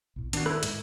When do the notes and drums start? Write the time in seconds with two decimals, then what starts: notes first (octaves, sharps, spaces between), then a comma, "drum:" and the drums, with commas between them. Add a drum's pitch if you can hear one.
0.16 B1 A2
0.33 D#3 D4 F#4, drum: hi-hat
0.46 E4, drum: rim click
0.63 A2 G#3, drum: hi-hat